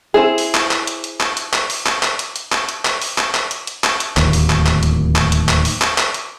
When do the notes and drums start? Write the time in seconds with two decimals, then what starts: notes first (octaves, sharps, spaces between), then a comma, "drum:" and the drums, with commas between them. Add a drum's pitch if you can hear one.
0.14 C4 E4 G#4
0.38 drum: open hi-hat
0.54 drum: clap
0.71 drum: clap
0.87 drum: hi-hat
1.04 drum: hi-hat
1.20 drum: clap
1.37 drum: hi-hat
1.53 drum: clap
1.70 drum: open hi-hat
1.86 drum: clap
2.03 drum: clap
2.19 drum: hi-hat
2.36 drum: hi-hat
2.52 drum: clap
2.69 drum: hi-hat
2.85 drum: clap
3.02 drum: open hi-hat
3.18 drum: clap
3.34 drum: clap
3.51 drum: hi-hat
3.67 drum: hi-hat
3.84 drum: clap
4.00 drum: hi-hat
4.17 D1 D#2, drum: clap
4.33 drum: open hi-hat
4.50 drum: clap
4.66 drum: clap
4.83 drum: hi-hat
5.16 drum: clap
5.32 drum: hi-hat
5.49 drum: clap
5.65 drum: open hi-hat
5.81 drum: clap
5.98 drum: clap
6.14 drum: hi-hat